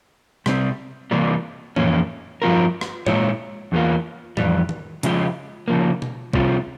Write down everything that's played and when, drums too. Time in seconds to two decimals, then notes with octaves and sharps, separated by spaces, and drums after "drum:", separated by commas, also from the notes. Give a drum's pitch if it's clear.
0.46 C3 G3 C4, drum: rim click
1.11 C3 E3 G3 A#3
1.76 F2 E3 A#3 C#4, drum: tom A2
2.42 G2 F3 C4 F4 A#4
2.81 drum: rim click
3.07 A#2 G#3 E4 G4 C#5, drum: tom G#2
3.72 E2 E3 G3 A#3 F4
4.37 F2 E3 G3, drum: tom A2
4.69 drum: tom D#3
5.03 C#3 F3 G#3 E4 G4, drum: hi-hat
5.68 C#3 F3 A#3
6.02 drum: tom B2
6.33 C3 G3 C4 F4, drum: kick